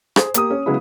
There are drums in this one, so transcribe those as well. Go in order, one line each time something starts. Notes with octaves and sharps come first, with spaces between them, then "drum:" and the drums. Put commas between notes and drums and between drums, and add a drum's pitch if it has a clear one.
G#4 C5, drum: rim click
A#3 G4 D#6, drum: hi-hat
C#4
C#3 F#3 G#3 B3 E4